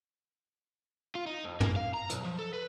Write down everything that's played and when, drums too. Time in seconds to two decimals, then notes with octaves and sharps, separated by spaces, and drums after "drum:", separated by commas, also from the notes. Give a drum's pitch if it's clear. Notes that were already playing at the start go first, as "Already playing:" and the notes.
1.15 F4
1.27 D#4
1.45 F2
1.60 A#3, drum: tom
1.76 F5
1.94 A#5
2.10 B1, drum: hi-hat
2.25 F3
2.39 A4
2.53 B4